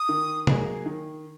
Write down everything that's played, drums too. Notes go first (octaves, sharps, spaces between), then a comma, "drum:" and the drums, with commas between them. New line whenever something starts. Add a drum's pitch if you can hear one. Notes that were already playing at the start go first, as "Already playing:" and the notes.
Already playing: D#6
D#3
F#3 A#3 D#4 G#4, drum: tom
D#3